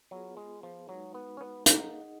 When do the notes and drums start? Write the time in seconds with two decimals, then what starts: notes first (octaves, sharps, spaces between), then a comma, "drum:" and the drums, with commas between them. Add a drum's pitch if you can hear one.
0.11 F#3 B3 F4 G#4 B4
0.37 G#3
0.63 F3
0.89 F#3 G#3 D#4 F#4 B4
1.14 B3
1.37 C#4
1.41 B3
1.66 A#3 D#4 G#4 D#5 F#5, drum: hi-hat